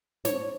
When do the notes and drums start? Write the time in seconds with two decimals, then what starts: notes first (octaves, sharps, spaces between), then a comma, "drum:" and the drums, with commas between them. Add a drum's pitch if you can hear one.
0.25 C#5, drum: snare